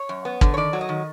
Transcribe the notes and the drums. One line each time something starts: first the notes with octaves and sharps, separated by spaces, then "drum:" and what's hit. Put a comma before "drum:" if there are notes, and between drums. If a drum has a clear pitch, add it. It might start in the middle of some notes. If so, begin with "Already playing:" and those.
Already playing: C#5
F#2
B3
D3, drum: kick
C#5
D#3 D5
F#3
D#5
D#3